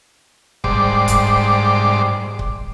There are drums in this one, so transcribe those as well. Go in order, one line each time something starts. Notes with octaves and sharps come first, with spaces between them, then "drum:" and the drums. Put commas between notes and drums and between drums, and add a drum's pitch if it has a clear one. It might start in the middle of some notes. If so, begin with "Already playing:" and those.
G#2 G3 C5 D5 D6, drum: kick C#1
drum: kick C#1, hi-hat
drum: kick C#1